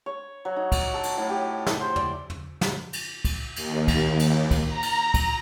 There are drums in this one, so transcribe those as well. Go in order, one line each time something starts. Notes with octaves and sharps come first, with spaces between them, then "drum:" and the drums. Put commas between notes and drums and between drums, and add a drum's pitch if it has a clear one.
C#5
F#3
D#4
drum: kick, cymbal
A4
drum: cymbal
A2
G4
drum: snare
C5
D5, drum: tom
drum: tom
drum: snare
drum: cymbal
drum: kick, cymbal
D#2, drum: cymbal
drum: kick, cymbal
drum: cymbal
drum: kick, cymbal
A#5
drum: cymbal
drum: kick, cymbal